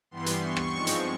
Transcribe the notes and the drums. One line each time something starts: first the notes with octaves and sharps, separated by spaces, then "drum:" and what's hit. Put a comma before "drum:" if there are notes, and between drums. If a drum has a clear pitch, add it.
G2 E3 G3 B3 C6
drum: hi-hat
C#6
drum: rim click
G#2 F3 G#3 C4
drum: hi-hat